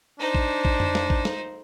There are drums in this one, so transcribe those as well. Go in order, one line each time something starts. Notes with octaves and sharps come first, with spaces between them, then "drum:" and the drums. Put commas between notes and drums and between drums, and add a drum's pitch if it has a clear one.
D4 D#4 C5
drum: kick A1
drum: kick A1
drum: tom F2
drum: snare
drum: kick A1
drum: snare